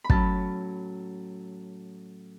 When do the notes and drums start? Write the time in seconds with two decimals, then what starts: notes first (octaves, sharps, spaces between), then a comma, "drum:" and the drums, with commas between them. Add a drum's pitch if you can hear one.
0.04 B5
0.10 A2 F#3 C#4 A5, drum: kick